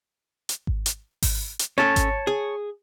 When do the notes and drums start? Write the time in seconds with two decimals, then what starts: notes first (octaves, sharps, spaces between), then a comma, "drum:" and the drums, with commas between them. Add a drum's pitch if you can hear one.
0.49 drum: hi-hat
0.67 drum: kick G#1
0.86 drum: hi-hat
1.22 drum: kick G#1, open hi-hat
1.59 drum: hi-hat
1.78 C#4 A4 C#5 A5
1.96 drum: kick G#1, hi-hat
2.27 G#4